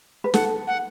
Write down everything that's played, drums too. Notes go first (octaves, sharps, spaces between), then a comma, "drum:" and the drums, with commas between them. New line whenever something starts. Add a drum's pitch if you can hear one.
B4
A4 F#5, drum: snare
F#5